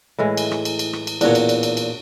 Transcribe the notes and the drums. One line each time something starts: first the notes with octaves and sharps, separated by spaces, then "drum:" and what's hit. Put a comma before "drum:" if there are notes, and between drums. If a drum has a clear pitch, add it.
A2 E3 G#3
drum: cymbal
drum: rim click
drum: cymbal
drum: cymbal
drum: rim click
drum: cymbal
E2 A#2 D4 F#4 C#5, drum: cymbal
drum: cymbal
drum: cymbal
drum: cymbal
drum: cymbal